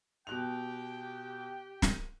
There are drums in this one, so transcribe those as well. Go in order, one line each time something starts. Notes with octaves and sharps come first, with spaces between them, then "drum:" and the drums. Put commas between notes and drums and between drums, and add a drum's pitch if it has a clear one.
B2 G4 G5 F#6 F7
drum: snare